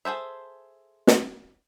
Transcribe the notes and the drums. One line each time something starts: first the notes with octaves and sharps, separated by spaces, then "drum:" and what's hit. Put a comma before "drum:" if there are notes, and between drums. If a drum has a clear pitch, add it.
G#4 A4 C5 E5
drum: snare